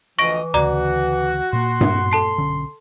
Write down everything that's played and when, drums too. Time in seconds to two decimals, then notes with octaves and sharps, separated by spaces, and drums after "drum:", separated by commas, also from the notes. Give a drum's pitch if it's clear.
0.19 D2 E3 F3 D#5 C#6 A#6 D7
0.54 D2 C#3 F#4 D5 A#5 D6
1.53 A#2 A#3 C6
1.81 drum: tom G2
2.12 A4 A5 C7
2.38 B1 D3 C#4